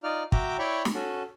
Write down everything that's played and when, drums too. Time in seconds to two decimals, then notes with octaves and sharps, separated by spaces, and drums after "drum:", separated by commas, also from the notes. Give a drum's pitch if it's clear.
0.03 D#4 F4 D5 F6
0.32 F#4 E5 G5 A#5 D6, drum: kick
0.59 E4 C#5 D5 G5 B5 C#6
0.85 drum: snare
0.94 C#4 F#4 A4